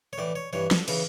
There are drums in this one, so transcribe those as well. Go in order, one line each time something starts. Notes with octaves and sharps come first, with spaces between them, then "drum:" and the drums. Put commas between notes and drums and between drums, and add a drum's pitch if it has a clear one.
C#5
A2 E3 D5
C#5
G2 E3 C#5
A4, drum: snare
C#3 E3, drum: cymbal